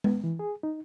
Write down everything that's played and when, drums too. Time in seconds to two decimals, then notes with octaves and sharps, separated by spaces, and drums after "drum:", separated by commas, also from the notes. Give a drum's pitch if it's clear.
0.04 B3, drum: tom G#3
0.24 E3
0.39 G#4
0.63 D#4